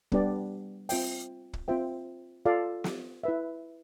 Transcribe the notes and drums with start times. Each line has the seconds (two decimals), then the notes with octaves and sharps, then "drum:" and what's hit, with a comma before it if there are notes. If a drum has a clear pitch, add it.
0.12 G3 B3 D4 G4 D5, drum: kick
0.89 C4 F4 C5 E5 G5, drum: open hi-hat
1.53 drum: kick
1.68 C4 F4 C5 E5 G5
2.45 F4 A4 D5 F5
2.84 drum: snare
3.24 E4 B4 E5